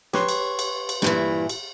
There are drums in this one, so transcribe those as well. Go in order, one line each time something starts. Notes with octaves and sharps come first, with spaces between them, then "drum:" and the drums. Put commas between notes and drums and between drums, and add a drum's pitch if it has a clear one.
G4 B4 C#5 C6, drum: snare
drum: cymbal
drum: cymbal
drum: cymbal
G2 A#2 E3, drum: snare
drum: cymbal